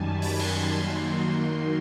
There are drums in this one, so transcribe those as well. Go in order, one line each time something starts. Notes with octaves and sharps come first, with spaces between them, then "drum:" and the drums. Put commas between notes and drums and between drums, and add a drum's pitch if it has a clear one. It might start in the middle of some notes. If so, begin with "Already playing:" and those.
Already playing: F#2 D#3 G3 G#5 A5
B5
drum: open hi-hat
C6, drum: cymbal
D#3 F#3 A#3 D#4